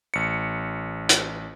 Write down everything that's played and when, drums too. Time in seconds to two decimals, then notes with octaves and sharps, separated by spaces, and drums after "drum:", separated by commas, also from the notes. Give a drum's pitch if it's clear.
0.14 A1 C#7
1.09 drum: hi-hat